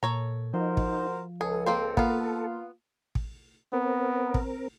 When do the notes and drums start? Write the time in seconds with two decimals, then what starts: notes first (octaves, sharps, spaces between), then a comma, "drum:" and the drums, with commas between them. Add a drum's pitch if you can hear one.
0.03 A#2 A4 C#5 A#5
0.54 F3 D#4 F#4 A#4 C5
0.77 drum: kick
1.41 C#2 G#4 A4
1.66 A#3 C4 C5
1.97 A#3 B3 F4 F5, drum: kick
3.15 drum: kick
3.73 B3 C4 A#4
4.34 drum: kick